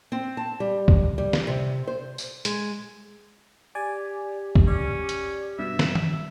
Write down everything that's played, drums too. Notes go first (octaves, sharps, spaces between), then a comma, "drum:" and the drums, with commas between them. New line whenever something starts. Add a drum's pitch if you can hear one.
C4
A5
G3
drum: kick
G3
drum: snare
C3
C5
drum: tambourine
G#3, drum: hi-hat
G4 D5 G#5
drum: kick
C#4 D5
drum: hi-hat
G2 B2 E5
drum: snare
drum: tom D#3